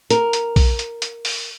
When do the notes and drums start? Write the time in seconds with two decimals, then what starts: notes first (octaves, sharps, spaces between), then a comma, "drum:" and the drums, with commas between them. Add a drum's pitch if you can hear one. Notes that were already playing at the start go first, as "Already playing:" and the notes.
0.10 A#4, drum: hi-hat
0.33 drum: hi-hat
0.56 drum: kick A#1, open hi-hat
0.79 drum: hi-hat
1.02 drum: hi-hat
1.25 drum: open hi-hat